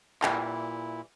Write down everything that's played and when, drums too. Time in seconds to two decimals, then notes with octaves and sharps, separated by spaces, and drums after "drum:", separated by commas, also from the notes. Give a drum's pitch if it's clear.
0.22 A#2 E3 G3 E4, drum: clap